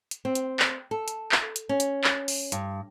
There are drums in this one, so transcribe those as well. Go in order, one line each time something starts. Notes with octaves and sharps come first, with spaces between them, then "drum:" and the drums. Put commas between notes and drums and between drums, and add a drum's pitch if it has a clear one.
drum: hi-hat
C4
drum: hi-hat
drum: clap
A4
drum: hi-hat
drum: clap
drum: hi-hat
C#4
drum: hi-hat
drum: clap
drum: open hi-hat
G2, drum: hi-hat